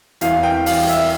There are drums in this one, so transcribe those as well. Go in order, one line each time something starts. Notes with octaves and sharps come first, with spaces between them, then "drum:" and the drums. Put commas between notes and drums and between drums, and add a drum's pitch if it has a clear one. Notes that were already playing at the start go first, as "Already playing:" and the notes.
E2 E3 F5, drum: hi-hat
G5
F5, drum: open hi-hat
E5, drum: hi-hat